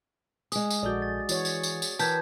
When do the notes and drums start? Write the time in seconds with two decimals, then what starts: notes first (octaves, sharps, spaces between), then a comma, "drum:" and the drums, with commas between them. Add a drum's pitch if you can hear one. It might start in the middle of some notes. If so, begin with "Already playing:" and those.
0.52 G#3 G#4 D#6, drum: tambourine
0.70 drum: tambourine
0.83 A#1 F#4 A4 D5 G6
1.02 A6
1.29 E3 F#4 C#5, drum: tambourine
1.45 drum: tambourine
1.63 drum: tambourine
1.82 drum: tambourine
1.99 E3 A#4 G5 A5 G6 G#6 B6, drum: tambourine